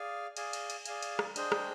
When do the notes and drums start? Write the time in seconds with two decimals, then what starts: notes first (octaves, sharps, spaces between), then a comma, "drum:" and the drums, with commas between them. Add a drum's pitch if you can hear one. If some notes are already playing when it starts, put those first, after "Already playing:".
Already playing: G#4 D5 F5 G#5
0.37 G#4 D5 F5 G#5, drum: cymbal
0.53 drum: cymbal
0.70 drum: cymbal
0.86 G#4 D5 F5 G#5, drum: cymbal
1.03 drum: cymbal
1.19 drum: rim click
1.36 D4 G#4 C5 D#5 G5, drum: cymbal
1.52 drum: rim click